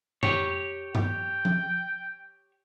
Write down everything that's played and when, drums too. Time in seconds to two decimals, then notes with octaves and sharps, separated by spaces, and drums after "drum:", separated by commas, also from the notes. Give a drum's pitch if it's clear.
0.23 G4 C#5, drum: tom F2
0.95 G5, drum: tom G2
1.45 drum: tom F3